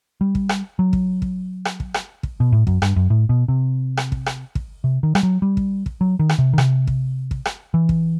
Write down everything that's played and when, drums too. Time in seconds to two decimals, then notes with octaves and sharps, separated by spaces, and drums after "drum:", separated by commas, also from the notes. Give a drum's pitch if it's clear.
0.21 G3
0.35 drum: kick
0.49 drum: rim click
0.79 F#3
0.93 drum: kick
1.22 drum: kick
1.65 drum: rim click
1.80 drum: kick
1.94 drum: rim click
2.23 drum: kick
2.40 B2
2.52 A2
2.67 F#2, drum: kick
2.82 G2, drum: rim click
2.96 F#2
3.10 A2
3.29 B2
3.48 C3
3.97 drum: rim click
4.12 drum: kick
4.26 drum: rim click
4.55 drum: kick
4.84 C3
5.03 D#3
5.15 G3, drum: rim click
5.23 F#3
5.42 G3
5.57 drum: kick
5.86 drum: kick
6.01 F#3
6.19 D#3
6.29 drum: rim click
6.38 C3
6.53 D#3
6.58 C3, drum: rim click
6.87 drum: kick
7.31 drum: kick
7.45 drum: rim click
7.74 E3
7.89 drum: kick